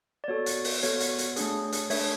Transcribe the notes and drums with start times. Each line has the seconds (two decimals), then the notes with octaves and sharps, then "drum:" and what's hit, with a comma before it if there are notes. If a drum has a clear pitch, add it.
0.24 D5
0.28 B3 F#4 A4 C#5
0.46 drum: hi-hat
0.64 drum: open hi-hat
0.83 B3 F#4 A4 C#5, drum: hi-hat
1.00 drum: hi-hat
1.18 drum: hi-hat
1.36 A3 D4 G#4, drum: hi-hat
1.72 drum: hi-hat
1.90 A3 D4 G#4 C#5 E5, drum: open hi-hat